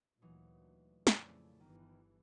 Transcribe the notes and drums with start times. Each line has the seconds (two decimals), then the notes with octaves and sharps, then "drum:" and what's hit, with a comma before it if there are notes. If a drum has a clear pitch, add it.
0.22 D2 A#2 E3 F#3 D#4
1.07 F2 A#2 C#3 A3 E4 D5, drum: snare
1.60 G1 D#3 E3